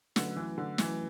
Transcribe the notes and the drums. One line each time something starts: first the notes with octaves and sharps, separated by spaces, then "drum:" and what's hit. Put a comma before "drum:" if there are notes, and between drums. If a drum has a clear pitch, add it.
D3 F#3 A3 C#4 F#4 B4, drum: snare
E3
D3
E3 F#3 A3 C#4 F#4 B4, drum: snare